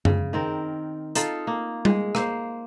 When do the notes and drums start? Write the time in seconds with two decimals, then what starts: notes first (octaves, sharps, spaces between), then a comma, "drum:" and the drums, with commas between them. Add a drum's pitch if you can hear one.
0.05 C#3, drum: tom F#2
0.33 D#3 C4 A#4
1.15 D#4 F4 A4, drum: hi-hat
1.47 A#3
1.85 G#3, drum: tom G3
2.15 A#3 C5, drum: rim click